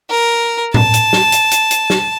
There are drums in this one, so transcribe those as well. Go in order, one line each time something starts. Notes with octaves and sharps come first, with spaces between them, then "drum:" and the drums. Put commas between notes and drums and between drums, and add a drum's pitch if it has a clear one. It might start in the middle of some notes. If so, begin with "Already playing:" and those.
A#4
A5, drum: tom A2
drum: hi-hat
drum: snare
drum: hi-hat
drum: hi-hat
drum: hi-hat
drum: snare